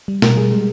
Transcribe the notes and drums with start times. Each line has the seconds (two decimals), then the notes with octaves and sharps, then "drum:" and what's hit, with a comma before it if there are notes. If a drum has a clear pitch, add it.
0.08 G3
0.22 B2 A#4, drum: snare
0.37 G3 G#4
0.52 G#3